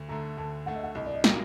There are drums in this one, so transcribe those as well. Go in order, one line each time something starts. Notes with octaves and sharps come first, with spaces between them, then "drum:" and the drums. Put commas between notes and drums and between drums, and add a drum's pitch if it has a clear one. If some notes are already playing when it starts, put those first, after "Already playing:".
Already playing: D2
D3 A3 A#5
D2 A5
D3 A3 F#5
D#5
F#5
C2 D#5
D5
D#5
A#2 F#3 A#3, drum: snare